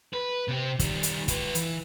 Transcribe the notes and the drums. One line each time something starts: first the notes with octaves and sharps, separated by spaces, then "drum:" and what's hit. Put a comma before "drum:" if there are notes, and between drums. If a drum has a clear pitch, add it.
B4
C3 C4
D#3 G3, drum: kick, hi-hat
drum: hi-hat
F4 B4, drum: kick, hi-hat
E3, drum: hi-hat